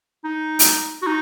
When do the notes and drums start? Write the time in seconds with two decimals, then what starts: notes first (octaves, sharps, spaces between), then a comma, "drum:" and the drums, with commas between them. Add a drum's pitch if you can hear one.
0.24 D#4
0.59 drum: hi-hat
1.02 F#4
1.07 D#4